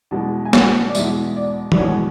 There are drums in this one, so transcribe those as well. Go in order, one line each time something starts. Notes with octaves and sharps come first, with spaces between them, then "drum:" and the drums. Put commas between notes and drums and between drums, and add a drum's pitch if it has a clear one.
E2 B2 G#3 A5
G#5
F#5, drum: snare
D5
E2 B2 G#3 E5, drum: tambourine
D5
D5, drum: tom
E2 B2 G#3 C#5